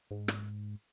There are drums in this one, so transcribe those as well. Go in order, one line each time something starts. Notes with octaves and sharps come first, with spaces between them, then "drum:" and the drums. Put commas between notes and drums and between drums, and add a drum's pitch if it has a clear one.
G#2
drum: rim click